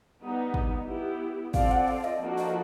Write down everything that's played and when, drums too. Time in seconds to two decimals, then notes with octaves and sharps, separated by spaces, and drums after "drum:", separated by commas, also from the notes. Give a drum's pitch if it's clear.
0.21 G3 B3 D#4
0.54 drum: kick
0.87 B3 E4 G4
1.54 C4 F4 A4 D5 F5, drum: kick
1.71 F#5
1.88 F5
2.04 D#5
2.21 F3 A#3 D4 F#4 A4
2.38 D#5